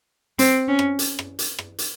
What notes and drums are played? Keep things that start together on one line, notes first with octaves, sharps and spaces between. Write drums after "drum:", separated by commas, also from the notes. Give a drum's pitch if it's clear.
C4, drum: hi-hat
C#4
drum: rim click
drum: hi-hat
drum: rim click
drum: hi-hat
drum: rim click
drum: hi-hat